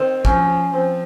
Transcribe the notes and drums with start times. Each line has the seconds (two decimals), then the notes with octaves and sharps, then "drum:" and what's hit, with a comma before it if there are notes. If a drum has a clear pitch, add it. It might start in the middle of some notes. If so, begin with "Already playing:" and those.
Already playing: D#3 C4
0.25 F3 C#4, drum: kick
0.73 F3 C4